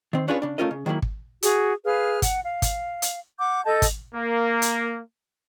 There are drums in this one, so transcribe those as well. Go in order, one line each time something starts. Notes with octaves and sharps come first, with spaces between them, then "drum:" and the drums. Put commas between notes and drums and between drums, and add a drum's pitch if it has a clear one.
D#3 C4
C#4 D4 F4 G#4 B4 C#5
C#3 D4
A3 A#3 C#4 F4 A#4 D#5
C#3
D#3 F#3 G#3 A#3 E4
drum: kick
F#4 G#4, drum: hi-hat
G#4 B4 F5 F6
F#5, drum: kick, hi-hat
F5
drum: kick, hi-hat
drum: hi-hat
F#5 D6 G6
A4 D#5 A5 G6
drum: kick, hi-hat
A#3
drum: hi-hat